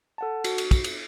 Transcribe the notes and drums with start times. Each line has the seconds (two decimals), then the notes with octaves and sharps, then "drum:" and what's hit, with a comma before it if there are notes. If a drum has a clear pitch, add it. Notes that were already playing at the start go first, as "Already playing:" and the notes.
0.18 A4 F#5 A5
0.44 F#4, drum: cymbal
0.58 drum: cymbal
0.71 drum: kick, cymbal
0.84 drum: cymbal